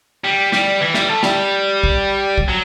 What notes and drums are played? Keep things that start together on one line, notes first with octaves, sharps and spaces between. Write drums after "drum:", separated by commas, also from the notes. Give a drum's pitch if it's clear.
G3
G3, drum: snare
E3
G3, drum: snare
A3
G3, drum: snare
drum: kick A#1
drum: kick A#1
F#3